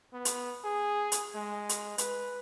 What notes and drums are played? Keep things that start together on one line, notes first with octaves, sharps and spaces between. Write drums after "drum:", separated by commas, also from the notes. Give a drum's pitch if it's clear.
B3
drum: hi-hat
G#4
drum: hi-hat
G#3
drum: hi-hat
B4, drum: hi-hat